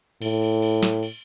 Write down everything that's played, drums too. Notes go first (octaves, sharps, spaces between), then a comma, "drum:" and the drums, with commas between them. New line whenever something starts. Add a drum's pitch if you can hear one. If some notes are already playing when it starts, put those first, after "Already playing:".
A2, drum: cymbal
drum: cymbal
drum: cymbal
drum: snare
drum: cymbal